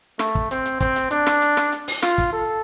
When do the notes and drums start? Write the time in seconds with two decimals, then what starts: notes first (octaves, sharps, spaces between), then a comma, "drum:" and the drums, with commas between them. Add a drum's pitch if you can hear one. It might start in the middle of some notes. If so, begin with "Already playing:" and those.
0.19 A3, drum: snare
0.35 drum: kick
0.51 C4, drum: hi-hat
0.66 drum: hi-hat
0.81 C4, drum: kick, hi-hat
0.96 drum: hi-hat
1.11 D4, drum: hi-hat
1.27 drum: snare
1.42 drum: hi-hat
1.57 drum: snare
1.72 drum: hi-hat
1.88 drum: open hi-hat
2.03 F4, drum: snare
2.18 drum: kick, hi-hat
2.33 A4